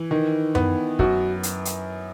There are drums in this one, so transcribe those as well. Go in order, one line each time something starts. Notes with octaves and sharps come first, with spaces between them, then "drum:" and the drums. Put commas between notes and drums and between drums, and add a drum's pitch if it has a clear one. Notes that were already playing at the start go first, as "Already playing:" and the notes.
Already playing: E3
D#3
B3, drum: tom F#2
F#2 F#4, drum: kick
drum: hi-hat
drum: hi-hat